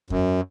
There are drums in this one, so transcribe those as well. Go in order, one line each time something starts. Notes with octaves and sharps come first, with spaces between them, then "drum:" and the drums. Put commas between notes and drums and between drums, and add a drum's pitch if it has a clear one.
F#2, drum: kick E2